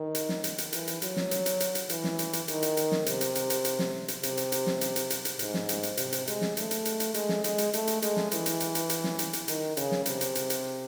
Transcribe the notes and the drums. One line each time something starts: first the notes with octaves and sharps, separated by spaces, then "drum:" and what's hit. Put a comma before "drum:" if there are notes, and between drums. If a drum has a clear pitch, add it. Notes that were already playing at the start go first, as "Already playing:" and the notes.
Already playing: D#3
drum: hi-hat
drum: snare
drum: hi-hat
drum: hi-hat
E3, drum: hi-hat
drum: hi-hat
F#3, drum: hi-hat
drum: snare
drum: hi-hat
drum: hi-hat
drum: hi-hat
drum: hi-hat
E3, drum: hi-hat
drum: snare
drum: hi-hat
drum: hi-hat
D#3, drum: hi-hat
drum: hi-hat
drum: hi-hat
drum: snare
C3, drum: hi-hat
drum: hi-hat
drum: hi-hat
drum: hi-hat
drum: hi-hat
drum: snare
drum: hi-hat
C3, drum: hi-hat
drum: hi-hat
drum: hi-hat
drum: snare
drum: hi-hat
drum: hi-hat
drum: hi-hat
drum: hi-hat
G#2, drum: hi-hat
drum: snare
drum: hi-hat
drum: hi-hat
C3, drum: hi-hat
drum: hi-hat
G#3, drum: hi-hat
drum: snare
A3, drum: hi-hat
drum: hi-hat
drum: hi-hat
drum: hi-hat
G#3, drum: hi-hat
drum: snare
G#3, drum: hi-hat
drum: hi-hat
A3, drum: hi-hat
drum: hi-hat
G#3, drum: hi-hat
drum: snare
E3, drum: hi-hat
drum: hi-hat
drum: hi-hat
drum: hi-hat
drum: hi-hat
drum: snare
drum: hi-hat
drum: hi-hat
D#3, drum: hi-hat
C#3, drum: hi-hat
drum: snare
C3, drum: hi-hat
drum: hi-hat
drum: hi-hat
drum: hi-hat